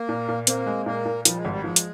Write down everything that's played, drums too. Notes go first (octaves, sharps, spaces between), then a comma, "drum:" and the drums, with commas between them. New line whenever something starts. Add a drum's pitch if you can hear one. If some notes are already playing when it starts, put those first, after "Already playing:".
Already playing: A#3
A#2
A#2
A#3 C4, drum: hi-hat
G#3
A#2 A#3
A#2
F3 G3, drum: hi-hat
G#3
G#1 G3
F3 G#3
drum: hi-hat